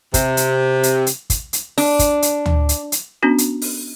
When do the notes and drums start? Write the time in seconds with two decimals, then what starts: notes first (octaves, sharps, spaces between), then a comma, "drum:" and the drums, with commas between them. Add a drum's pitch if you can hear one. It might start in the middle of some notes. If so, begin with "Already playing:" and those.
0.14 C3, drum: kick, hi-hat
0.37 drum: hi-hat
0.83 drum: hi-hat
1.07 drum: hi-hat
1.30 drum: kick, hi-hat
1.53 drum: hi-hat
1.78 D4, drum: open hi-hat
1.99 drum: kick, hi-hat
2.22 drum: hi-hat
2.46 drum: tom D2
2.69 drum: hi-hat
2.92 drum: hi-hat
3.23 B3 C#4 D4 F#4
3.38 drum: hi-hat
3.62 drum: open hi-hat